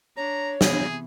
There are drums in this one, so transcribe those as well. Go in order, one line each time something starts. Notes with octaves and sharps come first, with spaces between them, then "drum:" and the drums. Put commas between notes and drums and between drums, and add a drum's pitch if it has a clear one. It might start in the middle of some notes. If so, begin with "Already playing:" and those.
D4 C#5 A#5
C3 E3 B3 G#4, drum: snare